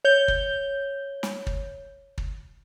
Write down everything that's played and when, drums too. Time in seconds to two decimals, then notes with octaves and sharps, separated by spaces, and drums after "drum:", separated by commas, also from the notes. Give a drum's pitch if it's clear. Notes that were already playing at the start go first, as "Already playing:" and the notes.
0.05 C#5 G6 G7
0.28 drum: kick
1.23 drum: snare
1.47 drum: kick
2.18 drum: kick